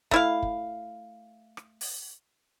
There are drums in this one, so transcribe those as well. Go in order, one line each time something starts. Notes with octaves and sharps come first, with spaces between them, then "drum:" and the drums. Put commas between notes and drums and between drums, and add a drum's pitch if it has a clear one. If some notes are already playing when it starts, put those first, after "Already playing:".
A3 E4 F5, drum: kick
drum: kick
drum: rim click
drum: open hi-hat